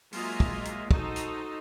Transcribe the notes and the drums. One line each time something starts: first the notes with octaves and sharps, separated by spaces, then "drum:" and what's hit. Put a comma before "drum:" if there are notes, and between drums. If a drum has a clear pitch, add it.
F#3 G#3 A#3 F4 D#5 E5, drum: open hi-hat
drum: kick
drum: hi-hat
D#4 F#4 A4 C5, drum: kick
drum: hi-hat